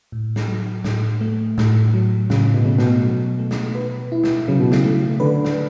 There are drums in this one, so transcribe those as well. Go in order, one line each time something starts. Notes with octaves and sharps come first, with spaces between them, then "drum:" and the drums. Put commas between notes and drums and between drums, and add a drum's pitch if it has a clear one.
A2
drum: snare
F#3
A2, drum: snare
A3
A2, drum: snare
F#3
A2 C#3, drum: snare
B2
C#3 A3
B2, drum: snare
F#3
A3
drum: snare
B4
E4
drum: snare
C#3 F#3
B2
C#3, drum: snare
A3
D3 B4
drum: snare